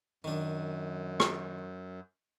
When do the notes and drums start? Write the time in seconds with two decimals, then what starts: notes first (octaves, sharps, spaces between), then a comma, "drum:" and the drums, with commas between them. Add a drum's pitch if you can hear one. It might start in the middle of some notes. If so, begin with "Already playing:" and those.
0.24 F#2 D#3 D4
1.20 drum: rim click